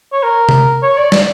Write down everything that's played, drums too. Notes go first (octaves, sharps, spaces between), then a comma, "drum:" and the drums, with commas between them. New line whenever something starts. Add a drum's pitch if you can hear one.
C#5
A#4
drum: tom C3
C#5
D5
D5, drum: snare